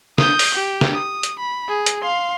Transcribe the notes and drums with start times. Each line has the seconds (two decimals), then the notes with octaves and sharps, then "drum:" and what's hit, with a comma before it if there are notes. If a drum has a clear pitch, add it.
0.18 D#6 G6, drum: snare
0.39 drum: open hi-hat
0.55 G4
0.81 drum: snare
0.94 D#6
1.23 drum: hi-hat
1.40 B5
1.69 G#4
1.86 drum: hi-hat
2.02 F5 C6